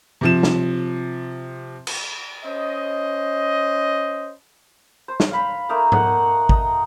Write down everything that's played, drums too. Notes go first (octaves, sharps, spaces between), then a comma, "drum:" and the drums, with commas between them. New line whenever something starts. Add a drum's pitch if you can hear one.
C3 F3 E7
drum: snare
drum: cymbal
C#4 C5 D#5
C5
drum: snare
F5 B5
A3 A#3 D#4 A#4
D#5 F#5, drum: tom G#2
D#4 D#5, drum: kick G#1